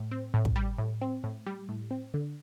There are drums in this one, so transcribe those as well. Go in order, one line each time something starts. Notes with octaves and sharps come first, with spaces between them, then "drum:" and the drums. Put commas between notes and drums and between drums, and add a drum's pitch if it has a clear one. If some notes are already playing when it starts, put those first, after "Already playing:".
Already playing: A2
C4
A2
drum: kick
G3
A2
C4
A2
G3
A2
C4
D3